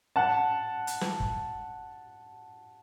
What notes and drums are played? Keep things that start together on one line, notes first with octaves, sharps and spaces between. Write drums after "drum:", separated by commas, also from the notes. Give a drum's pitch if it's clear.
F#5 A5
drum: hi-hat
drum: snare
drum: kick